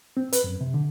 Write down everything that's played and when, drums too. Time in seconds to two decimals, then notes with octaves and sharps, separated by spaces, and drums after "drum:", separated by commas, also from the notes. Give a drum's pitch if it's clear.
0.17 C4
0.33 B4, drum: hi-hat
0.44 F#2
0.61 C3
0.74 D3